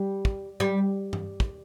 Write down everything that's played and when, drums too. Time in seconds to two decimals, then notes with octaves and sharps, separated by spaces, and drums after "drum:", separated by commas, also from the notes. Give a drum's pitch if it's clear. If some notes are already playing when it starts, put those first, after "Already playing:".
Already playing: G3
0.25 drum: kick
0.60 G3
1.13 drum: tom G2
1.40 drum: kick